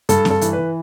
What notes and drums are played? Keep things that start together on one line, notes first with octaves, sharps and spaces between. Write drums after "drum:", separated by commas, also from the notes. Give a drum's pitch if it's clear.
G2 A4, drum: hi-hat
G2, drum: snare C4
A4
E3, drum: hi-hat
E3 B4